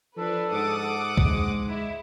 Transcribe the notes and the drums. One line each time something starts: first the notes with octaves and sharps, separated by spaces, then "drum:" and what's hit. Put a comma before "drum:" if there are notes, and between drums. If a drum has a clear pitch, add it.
F3 D4 A4 B4
G#2 F#5 D6 D#6
G#3, drum: kick
E4